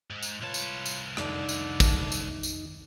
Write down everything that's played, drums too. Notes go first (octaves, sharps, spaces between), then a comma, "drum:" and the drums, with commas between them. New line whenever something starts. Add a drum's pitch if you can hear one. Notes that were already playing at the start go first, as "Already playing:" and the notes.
G#2
drum: tambourine
C2 F4 B4 C#5 A5
drum: tambourine
drum: tambourine
F2 D3 D#3 A3 D#4 D5, drum: rim click
drum: tambourine
drum: kick, tambourine
drum: tambourine
drum: tambourine